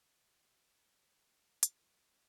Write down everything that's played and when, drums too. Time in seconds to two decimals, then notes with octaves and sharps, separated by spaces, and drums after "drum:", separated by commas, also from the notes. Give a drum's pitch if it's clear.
0.21 F#4
0.77 G#2
1.63 F3, drum: hi-hat